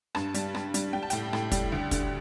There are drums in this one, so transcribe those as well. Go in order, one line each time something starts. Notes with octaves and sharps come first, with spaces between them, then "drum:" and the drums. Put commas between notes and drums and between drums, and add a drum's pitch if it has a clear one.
G2 A5, drum: rim click
G3, drum: hi-hat
G3, drum: rim click
G3, drum: hi-hat
G3 G5
A5
A2 G5, drum: hi-hat
A2, drum: rim click
G3, drum: kick, hi-hat
D2
D3, drum: kick, hi-hat